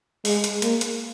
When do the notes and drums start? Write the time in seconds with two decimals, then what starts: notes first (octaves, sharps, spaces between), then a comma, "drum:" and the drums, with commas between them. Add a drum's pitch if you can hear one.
0.25 G#3, drum: open hi-hat
0.44 drum: hi-hat
0.62 A#3, drum: hi-hat
0.81 drum: hi-hat